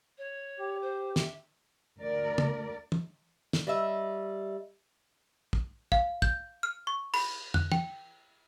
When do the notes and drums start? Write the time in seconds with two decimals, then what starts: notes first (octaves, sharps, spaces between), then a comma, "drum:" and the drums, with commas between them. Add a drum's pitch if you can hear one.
0.18 C#5
0.59 G4
0.81 C5
1.16 E5, drum: snare
1.99 D2 A#4 D5
2.38 drum: tom
2.92 drum: tom
3.53 drum: snare
3.67 G3 D#5 E5
5.53 drum: kick
5.92 F5, drum: kick
6.22 G6, drum: kick
6.63 F6
6.87 C#6
7.14 B5, drum: cymbal
7.54 F#6, drum: tom
7.72 G5, drum: tom